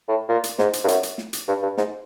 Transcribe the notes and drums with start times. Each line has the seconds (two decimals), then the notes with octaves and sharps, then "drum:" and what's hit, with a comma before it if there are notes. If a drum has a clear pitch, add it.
0.09 A2
0.29 A#2
0.44 drum: hi-hat
0.59 G#2, drum: snare
0.73 drum: hi-hat
0.84 G2
0.88 F#2, drum: hi-hat
1.03 drum: hi-hat
1.18 drum: snare
1.33 drum: hi-hat
1.48 G2
1.62 G2
1.78 G#2, drum: snare